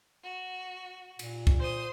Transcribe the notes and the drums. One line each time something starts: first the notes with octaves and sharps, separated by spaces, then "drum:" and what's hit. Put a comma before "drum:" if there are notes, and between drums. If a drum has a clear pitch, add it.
F#4
A#2, drum: cymbal
drum: kick
C5 C6 D#6